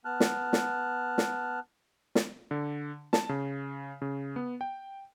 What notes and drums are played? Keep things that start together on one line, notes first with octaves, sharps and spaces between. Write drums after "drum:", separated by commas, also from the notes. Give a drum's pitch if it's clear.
B3 A5 F6 F#6
drum: snare
drum: snare
drum: snare
drum: snare
D3
A5, drum: snare
C#3
C#3
B3
G5